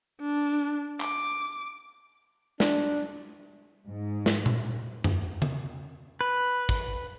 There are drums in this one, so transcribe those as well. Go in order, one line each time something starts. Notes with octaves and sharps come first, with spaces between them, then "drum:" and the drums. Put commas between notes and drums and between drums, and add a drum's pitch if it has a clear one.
D4
D6, drum: clap
D4, drum: snare
G#2
drum: snare
drum: tom A#2
drum: tom F#2
drum: tom C#3
B4
drum: kick